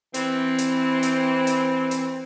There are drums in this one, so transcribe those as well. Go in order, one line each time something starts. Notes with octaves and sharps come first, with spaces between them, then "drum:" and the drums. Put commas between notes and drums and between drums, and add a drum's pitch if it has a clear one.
E3 C4, drum: hi-hat
drum: hi-hat
drum: hi-hat
drum: hi-hat
drum: hi-hat